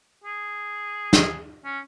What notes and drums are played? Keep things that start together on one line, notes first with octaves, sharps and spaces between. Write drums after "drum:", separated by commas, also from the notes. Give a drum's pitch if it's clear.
G#4
drum: snare
C#4